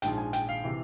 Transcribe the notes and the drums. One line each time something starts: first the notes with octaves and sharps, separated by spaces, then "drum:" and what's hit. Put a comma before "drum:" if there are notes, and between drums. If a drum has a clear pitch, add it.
A#1 G#2 F3 G5, drum: hi-hat
G#5
G5, drum: hi-hat
F5
C3 E3